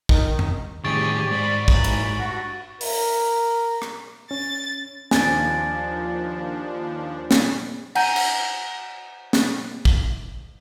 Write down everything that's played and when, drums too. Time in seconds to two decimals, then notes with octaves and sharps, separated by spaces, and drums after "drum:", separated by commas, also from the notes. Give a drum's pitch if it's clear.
0.09 D#3, drum: kick
0.39 drum: tom E2
0.84 A2 D#3 G4 G#4 C#6 A6 D7
1.31 G#2 D5 B5
1.68 D#2 E3 F#3 B5, drum: kick
1.84 drum: cymbal
2.18 G2 F#4
2.81 A#4, drum: open hi-hat
3.82 drum: rim click
4.31 C#4 A6
5.11 D#2 F3 D4 G#5 A6, drum: snare
7.31 drum: snare
7.95 F#5 G#5 A#5 G6 D#7, drum: cymbal
8.16 drum: cymbal
9.33 drum: snare
9.85 drum: kick